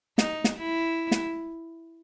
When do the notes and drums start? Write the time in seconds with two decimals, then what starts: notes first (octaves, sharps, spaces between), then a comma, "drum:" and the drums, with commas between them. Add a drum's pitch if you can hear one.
0.18 D#4, drum: snare
0.44 drum: snare
0.58 E4
1.11 drum: snare